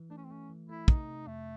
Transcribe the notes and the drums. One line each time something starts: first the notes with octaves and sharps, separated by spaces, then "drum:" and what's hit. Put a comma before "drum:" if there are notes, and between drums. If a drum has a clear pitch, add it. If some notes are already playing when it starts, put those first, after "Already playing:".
Already playing: E3
A3 D4
C#4
C4
A3 C#4
E3
A3 E4
C3 D#4, drum: kick
C3
F2 A3